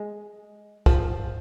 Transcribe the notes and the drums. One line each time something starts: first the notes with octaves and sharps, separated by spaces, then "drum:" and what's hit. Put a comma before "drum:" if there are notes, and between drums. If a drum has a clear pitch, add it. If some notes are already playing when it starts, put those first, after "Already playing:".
Already playing: G#3
F3, drum: kick